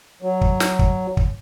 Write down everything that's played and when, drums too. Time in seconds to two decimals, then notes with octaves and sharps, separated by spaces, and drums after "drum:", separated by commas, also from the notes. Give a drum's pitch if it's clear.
0.22 F#3
0.41 drum: kick
0.60 drum: snare
0.79 drum: kick
1.17 drum: kick